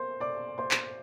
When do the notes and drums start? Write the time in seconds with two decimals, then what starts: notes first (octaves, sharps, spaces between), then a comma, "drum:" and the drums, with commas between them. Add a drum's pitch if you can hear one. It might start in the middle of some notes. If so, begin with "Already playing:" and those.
Already playing: A#4 C5 C6
0.20 D5 D6
0.58 C5 C6
0.71 drum: clap